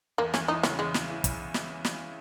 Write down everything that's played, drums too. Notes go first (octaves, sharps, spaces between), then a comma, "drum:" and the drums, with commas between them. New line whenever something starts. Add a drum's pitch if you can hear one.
E2 A#3
E2 C#4, drum: snare
E3 D#4
C#3 C#4, drum: snare
E2 G#3
E2, drum: snare
E3
drum: kick, hi-hat
drum: snare
drum: snare